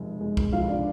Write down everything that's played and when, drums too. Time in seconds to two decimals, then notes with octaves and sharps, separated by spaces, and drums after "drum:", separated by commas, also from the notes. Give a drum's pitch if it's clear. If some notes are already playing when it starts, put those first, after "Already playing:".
Already playing: F1 G#3
0.20 G#3
0.37 drum: kick
0.52 F1 F4 F5
0.69 D4 D5